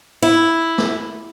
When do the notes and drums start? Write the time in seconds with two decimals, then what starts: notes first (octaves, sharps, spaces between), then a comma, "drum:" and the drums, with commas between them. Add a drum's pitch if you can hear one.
0.22 E4
0.78 drum: snare